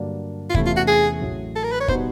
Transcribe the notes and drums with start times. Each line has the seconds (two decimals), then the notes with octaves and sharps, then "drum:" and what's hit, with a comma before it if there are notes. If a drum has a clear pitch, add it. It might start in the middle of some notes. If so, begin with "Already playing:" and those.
Already playing: G2 D3 F#3 A#3 D4
0.49 F4
0.54 E2 C3 E3 A3 C#4 E4, drum: kick
0.66 F4
0.77 F#4
0.88 G#4
1.21 A1 A2 F#3
1.56 A4
1.64 A#4
1.72 B4
1.80 C#5
1.88 B2 G3 B3 D#4 C5, drum: kick